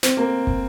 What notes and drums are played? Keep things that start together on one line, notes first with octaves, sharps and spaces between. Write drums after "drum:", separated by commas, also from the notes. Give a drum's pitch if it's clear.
C4, drum: snare
A#3
drum: kick